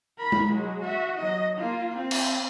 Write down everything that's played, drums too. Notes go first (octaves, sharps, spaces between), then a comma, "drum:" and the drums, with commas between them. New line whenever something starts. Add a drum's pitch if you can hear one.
A#4 B5
drum: tom G#3
F#3 G#3
F#4 E5
F#3 D#5
A#3 F4
C4
drum: cymbal